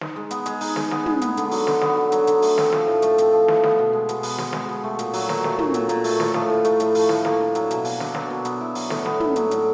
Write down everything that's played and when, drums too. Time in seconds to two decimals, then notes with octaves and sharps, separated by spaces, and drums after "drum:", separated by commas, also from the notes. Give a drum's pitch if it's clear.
0.01 D#4, drum: snare
0.16 G#3
0.31 B3, drum: hi-hat
0.46 G#3, drum: hi-hat
0.61 D#4, drum: open hi-hat
0.76 G#3, drum: snare
0.91 B3, drum: snare
1.06 G#3, drum: tom
1.21 B3, drum: hi-hat
1.37 D3, drum: hi-hat
1.51 F#3, drum: open hi-hat
1.67 D3, drum: snare
1.82 B3, drum: snare
1.97 D3
2.12 F#3, drum: hi-hat
2.27 D3, drum: hi-hat
2.42 A3, drum: open hi-hat
2.58 C4, drum: snare
2.73 F3, drum: snare
2.87 A2
3.02 A3, drum: hi-hat
3.18 C4, drum: hi-hat
3.33 F3
3.48 A2, drum: snare
3.64 B3, drum: snare
3.79 B2
3.93 G#3
4.09 B2, drum: hi-hat
4.23 B3, drum: open hi-hat
4.38 B2, drum: snare
4.53 G#3, drum: snare
4.69 B2
4.84 A3
4.99 A#2, drum: hi-hat
5.13 F#3, drum: open hi-hat
5.29 A#2, drum: snare
5.44 A3, drum: snare
5.59 A#2, drum: tom
5.74 F#3, drum: hi-hat
5.89 A#2, drum: hi-hat
6.04 A3, drum: open hi-hat
6.20 A2, drum: snare
6.34 F3, drum: snare
6.50 A2
6.65 A3, drum: hi-hat
6.80 A2, drum: hi-hat
6.95 F3, drum: open hi-hat
7.09 A2, drum: snare
7.25 A#3, drum: snare
7.40 D4
7.55 F#3, drum: hi-hat
7.71 B2, drum: hi-hat
7.85 A#3, drum: open hi-hat
8.00 D4, drum: snare
8.15 F#3, drum: snare
8.30 B2
8.45 B3, drum: hi-hat
8.61 E4
8.75 F#3, drum: open hi-hat
8.90 A2, drum: snare
9.06 B3, drum: snare
9.20 E4, drum: tom
9.36 F#3, drum: hi-hat
9.51 A2, drum: hi-hat